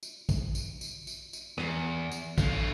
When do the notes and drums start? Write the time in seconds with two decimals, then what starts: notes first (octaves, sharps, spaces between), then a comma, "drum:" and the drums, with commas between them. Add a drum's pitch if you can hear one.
0.03 drum: tambourine
0.29 drum: kick, tambourine
0.55 drum: tambourine
0.81 drum: tambourine
1.07 drum: tambourine
1.33 drum: tambourine
1.58 E2, drum: rim click
2.12 drum: tambourine
2.38 D3 F4, drum: kick, tambourine